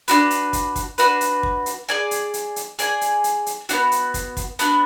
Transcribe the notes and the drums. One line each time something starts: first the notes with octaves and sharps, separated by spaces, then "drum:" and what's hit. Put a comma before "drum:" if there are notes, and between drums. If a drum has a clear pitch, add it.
D4 F#4 B4, drum: hi-hat
drum: hi-hat
drum: kick, hi-hat
drum: kick, hi-hat
D4 F#4 B4, drum: hi-hat
drum: hi-hat
drum: kick
drum: hi-hat
G#4 D5 G#5
drum: hi-hat
drum: hi-hat
drum: hi-hat
G#4 D5 G#5, drum: hi-hat
drum: hi-hat
drum: hi-hat
drum: hi-hat
B3 D4 F#4, drum: hi-hat
drum: hi-hat
drum: kick, hi-hat
drum: kick, hi-hat
B3 D4 F#4, drum: hi-hat